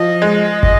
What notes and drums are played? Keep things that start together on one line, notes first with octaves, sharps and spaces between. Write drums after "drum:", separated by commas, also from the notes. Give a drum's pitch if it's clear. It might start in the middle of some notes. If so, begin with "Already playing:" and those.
Already playing: F3 D#5
G#3
D#5, drum: kick